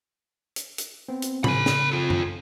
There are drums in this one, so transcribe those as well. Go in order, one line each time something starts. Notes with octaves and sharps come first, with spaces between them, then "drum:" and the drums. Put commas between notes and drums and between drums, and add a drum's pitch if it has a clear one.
drum: hi-hat
drum: hi-hat
B3 C4
drum: hi-hat
C#3 A#4 G#5 B5, drum: tom
drum: snare
F4 A4
drum: tom F#2